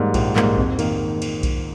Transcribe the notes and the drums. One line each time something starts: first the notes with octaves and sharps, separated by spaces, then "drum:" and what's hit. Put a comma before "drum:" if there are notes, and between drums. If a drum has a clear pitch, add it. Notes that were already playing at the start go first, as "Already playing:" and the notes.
Already playing: G#2 G3 A#3
A#1, drum: kick B1, cymbal
G#2 G3 A#3, drum: clap
F2, drum: kick B1
D#3 A#3, drum: cymbal
drum: cymbal
drum: kick B1, cymbal